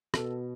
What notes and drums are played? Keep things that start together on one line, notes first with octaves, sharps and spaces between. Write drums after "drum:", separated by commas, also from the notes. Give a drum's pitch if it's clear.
B2 A4, drum: rim click